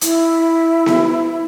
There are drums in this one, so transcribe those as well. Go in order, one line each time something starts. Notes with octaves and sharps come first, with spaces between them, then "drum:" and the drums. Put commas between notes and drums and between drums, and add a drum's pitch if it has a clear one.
E4, drum: hi-hat
drum: snare B3